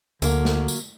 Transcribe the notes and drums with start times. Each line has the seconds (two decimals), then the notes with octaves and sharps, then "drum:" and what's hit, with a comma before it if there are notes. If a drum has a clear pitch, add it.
0.22 D2 D3 F#3 A#3, drum: tambourine
0.45 drum: snare
0.68 drum: tambourine